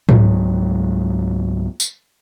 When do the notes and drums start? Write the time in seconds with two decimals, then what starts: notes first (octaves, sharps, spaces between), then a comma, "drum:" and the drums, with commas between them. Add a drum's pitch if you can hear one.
0.09 C#2 G#2 F#3, drum: tom
1.80 drum: tambourine